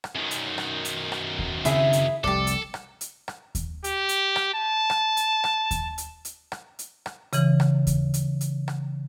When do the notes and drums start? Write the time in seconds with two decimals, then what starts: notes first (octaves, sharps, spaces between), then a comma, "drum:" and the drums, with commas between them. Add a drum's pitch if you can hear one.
0.04 drum: rim click
0.15 F#2 D#3
0.31 drum: hi-hat
0.58 drum: rim click
0.85 drum: hi-hat
1.12 drum: rim click
1.39 drum: kick D#2
1.65 C#3 C4 E4 G#4 E5, drum: hi-hat
1.93 drum: hi-hat
2.24 F1 C2 G4 A4 D5
2.47 drum: hi-hat
2.74 drum: rim click
3.01 drum: hi-hat
3.28 drum: rim click
3.55 drum: kick D#2, hi-hat
3.84 G4, drum: hi-hat
4.09 drum: hi-hat
4.36 drum: rim click
4.54 A5
4.90 drum: rim click
5.17 drum: hi-hat
5.44 drum: rim click
5.71 drum: kick D#2, hi-hat
5.98 drum: hi-hat
6.25 drum: hi-hat
6.52 drum: rim click
6.79 drum: hi-hat
7.06 drum: rim click
7.33 C#3 E3, drum: hi-hat
7.60 drum: rim click
7.87 drum: kick D#2, hi-hat
8.14 drum: hi-hat
8.41 drum: hi-hat
8.68 drum: rim click